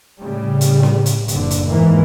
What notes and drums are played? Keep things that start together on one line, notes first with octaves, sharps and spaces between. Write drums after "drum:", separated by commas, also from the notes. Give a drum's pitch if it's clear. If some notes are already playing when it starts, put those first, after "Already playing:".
A2 C#3 G3
drum: hi-hat
drum: snare C#4
drum: hi-hat
F#1 D3, drum: hi-hat
drum: hi-hat
D#2 G#2 E3 A#3